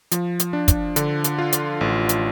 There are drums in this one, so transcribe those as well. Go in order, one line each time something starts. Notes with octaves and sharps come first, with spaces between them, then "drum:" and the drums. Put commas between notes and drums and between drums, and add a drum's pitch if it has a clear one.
F3, drum: hi-hat
drum: hi-hat
D4
drum: kick, hi-hat
D3, drum: hi-hat
drum: hi-hat
F4
drum: hi-hat
A1
drum: hi-hat